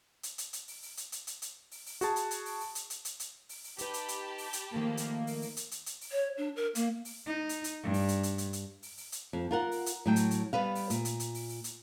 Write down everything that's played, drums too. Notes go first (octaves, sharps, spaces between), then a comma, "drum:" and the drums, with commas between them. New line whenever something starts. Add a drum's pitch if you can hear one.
drum: hi-hat
drum: hi-hat
drum: hi-hat
drum: open hi-hat
drum: open hi-hat
drum: hi-hat
drum: hi-hat
drum: hi-hat
drum: hi-hat
drum: open hi-hat
drum: open hi-hat
F#4 G#4 A5, drum: hi-hat
drum: hi-hat
drum: hi-hat
drum: open hi-hat
drum: open hi-hat
drum: hi-hat
drum: hi-hat
drum: hi-hat
drum: hi-hat
drum: open hi-hat
drum: open hi-hat
D#4 G4 B4 A5 B5, drum: hi-hat
drum: hi-hat
drum: hi-hat
drum: open hi-hat
drum: hi-hat
D#3 F3 A3 A#3
drum: hi-hat
drum: open hi-hat
drum: open hi-hat
drum: hi-hat
drum: hi-hat
drum: hi-hat
drum: open hi-hat
C#5
D4
A#4
A#3, drum: hi-hat
drum: open hi-hat
D#4
drum: hi-hat
drum: hi-hat
G2
drum: open hi-hat
drum: hi-hat
drum: hi-hat
drum: hi-hat
drum: hi-hat
drum: open hi-hat
drum: open hi-hat
drum: hi-hat
F2
F4 A#4 F#5
drum: open hi-hat
drum: hi-hat
A2 F#3 G5
drum: hi-hat
drum: hi-hat
G3 B3 B4 F5
drum: open hi-hat
A#2, drum: hi-hat
drum: hi-hat
drum: hi-hat
drum: open hi-hat
drum: open hi-hat
drum: hi-hat